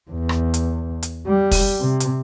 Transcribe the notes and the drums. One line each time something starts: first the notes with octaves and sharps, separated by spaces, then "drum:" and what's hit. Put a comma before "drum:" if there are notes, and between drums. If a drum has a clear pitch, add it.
E2
drum: rim click
drum: hi-hat
drum: hi-hat
G3
drum: kick, open hi-hat
C3
drum: hi-hat